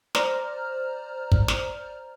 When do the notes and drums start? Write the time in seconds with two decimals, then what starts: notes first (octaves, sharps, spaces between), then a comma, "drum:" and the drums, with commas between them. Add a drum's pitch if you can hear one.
0.15 C5 D5 A#5 F6, drum: snare
1.32 drum: kick
1.48 drum: snare